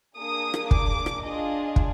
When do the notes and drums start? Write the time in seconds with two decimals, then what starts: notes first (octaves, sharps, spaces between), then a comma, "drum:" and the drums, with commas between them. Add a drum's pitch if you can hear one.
0.19 A#3 D4 G#4 D#6
0.54 drum: rim click
0.71 D6, drum: kick
1.06 drum: rim click
1.24 D4 F4 G#4 D#5
1.76 drum: kick